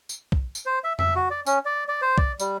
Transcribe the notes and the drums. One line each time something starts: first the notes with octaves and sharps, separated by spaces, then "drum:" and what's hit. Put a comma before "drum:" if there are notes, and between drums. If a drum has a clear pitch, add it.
drum: tambourine
drum: kick
drum: tambourine
C5
E5
E5, drum: tom F2
F#4
D5
C#4, drum: tambourine
D5
D5
C5
D5, drum: kick
G3, drum: tambourine